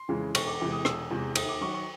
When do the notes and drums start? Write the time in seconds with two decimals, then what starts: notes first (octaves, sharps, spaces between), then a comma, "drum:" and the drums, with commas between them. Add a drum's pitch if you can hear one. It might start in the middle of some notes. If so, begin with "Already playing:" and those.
Already playing: C6
0.09 F2 C#3 E3 G#3
0.35 E1 C#6, drum: cymbal
0.47 D6
0.60 E2 C3 E3 G#3 D6
0.72 D#6
0.85 E1 E6, drum: rim click
1.11 E2 C3 E3 G#3
1.35 D#2 D#6, drum: cymbal
1.48 D6
1.61 D#3 F#3 C#6
1.74 C#6